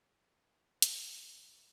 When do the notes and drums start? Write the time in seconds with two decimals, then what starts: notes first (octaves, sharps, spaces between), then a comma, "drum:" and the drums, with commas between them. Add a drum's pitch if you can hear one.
0.11 G#4
0.30 E3
0.43 A#3
0.59 D5
0.70 F#5
0.82 A#2, drum: hi-hat
1.00 A#4
1.16 F#2
1.37 F#3
1.50 F4